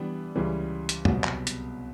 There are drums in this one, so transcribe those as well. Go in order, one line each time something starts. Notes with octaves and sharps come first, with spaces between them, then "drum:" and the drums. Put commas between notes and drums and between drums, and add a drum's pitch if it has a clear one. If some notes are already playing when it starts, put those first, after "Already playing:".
Already playing: E3 G3 B3 D4
C#2 C#3 E3 G3
drum: hi-hat
C2 B2 F#3 B3, drum: tom E2
drum: clap
drum: hi-hat